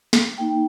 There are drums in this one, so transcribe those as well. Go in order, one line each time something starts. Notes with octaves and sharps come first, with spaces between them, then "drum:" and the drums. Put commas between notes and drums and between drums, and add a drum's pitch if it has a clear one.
drum: snare
A#3 D#4 G5
G5